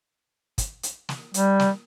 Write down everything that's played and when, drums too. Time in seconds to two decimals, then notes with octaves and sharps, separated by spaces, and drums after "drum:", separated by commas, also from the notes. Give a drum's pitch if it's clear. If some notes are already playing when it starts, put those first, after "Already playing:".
0.58 drum: kick, hi-hat
0.83 drum: hi-hat
1.09 drum: snare
1.34 G3, drum: hi-hat
1.60 drum: snare